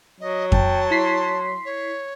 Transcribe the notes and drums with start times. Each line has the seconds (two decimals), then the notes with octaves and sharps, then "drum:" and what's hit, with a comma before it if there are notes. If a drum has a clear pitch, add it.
0.21 F#3 D#5
0.52 G5 A5, drum: kick F2
0.91 E4 C6 B6 C7
1.65 C#5